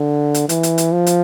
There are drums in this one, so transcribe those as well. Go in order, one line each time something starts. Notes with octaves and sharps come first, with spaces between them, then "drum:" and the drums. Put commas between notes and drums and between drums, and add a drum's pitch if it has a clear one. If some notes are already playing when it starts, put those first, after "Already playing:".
Already playing: D3
drum: hi-hat
E3, drum: hi-hat
drum: hi-hat
drum: hi-hat
F3
drum: hi-hat